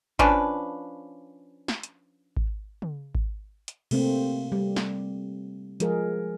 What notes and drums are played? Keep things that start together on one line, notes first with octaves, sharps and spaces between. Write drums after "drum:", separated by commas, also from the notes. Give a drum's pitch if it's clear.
F3 C#4 D4 B4, drum: kick G#1
drum: snare
drum: hi-hat
drum: kick G#1
drum: tom
drum: kick G#1
drum: hi-hat
C3 A3 A#3 C4, drum: cymbal
G3
drum: snare
F3 G#3 G#4 A#4, drum: hi-hat